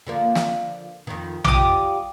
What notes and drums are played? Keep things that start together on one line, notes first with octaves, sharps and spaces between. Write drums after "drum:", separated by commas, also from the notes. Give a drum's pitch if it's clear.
D3 F3 A#3
drum: snare
F2 D#3
F3 G3 G4 D6 D#6, drum: tom A#1